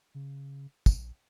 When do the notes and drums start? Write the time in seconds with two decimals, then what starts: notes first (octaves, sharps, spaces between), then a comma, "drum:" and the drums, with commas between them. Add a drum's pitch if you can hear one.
0.15 C#3
0.86 A#1, drum: kick, tambourine